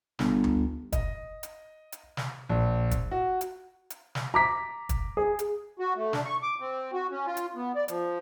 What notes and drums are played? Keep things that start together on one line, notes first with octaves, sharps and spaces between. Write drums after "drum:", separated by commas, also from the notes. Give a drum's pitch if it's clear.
G1, drum: snare
drum: tom D2
D#5, drum: kick, hi-hat
drum: hi-hat
drum: hi-hat
drum: snare
A#1
drum: kick, hi-hat
F#4
drum: hi-hat
drum: hi-hat
drum: snare
A#5 D6 B6
drum: kick, hi-hat
G#4
drum: hi-hat
F#4
A3
D4, drum: snare
C#6
D6
C4
F#4
C#4
F4
drum: hi-hat
B3
D5
F3, drum: hi-hat